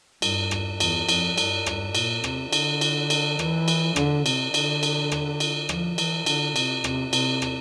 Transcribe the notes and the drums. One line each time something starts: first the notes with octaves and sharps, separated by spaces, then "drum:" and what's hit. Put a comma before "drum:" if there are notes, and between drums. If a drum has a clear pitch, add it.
G2, drum: cymbal
drum: rim click
E2, drum: cymbal
F2, drum: cymbal
G2, drum: cymbal
G2, drum: rim click
A#2, drum: cymbal
C3, drum: rim click
D3, drum: cymbal
drum: cymbal
drum: cymbal
E3, drum: rim click
drum: cymbal
D3, drum: rim click
C3, drum: cymbal
D3, drum: cymbal
drum: cymbal
drum: rim click
drum: cymbal
F3, drum: rim click
E3, drum: cymbal
D3, drum: cymbal
C3, drum: cymbal
C3, drum: rim click
C3, drum: cymbal
drum: rim click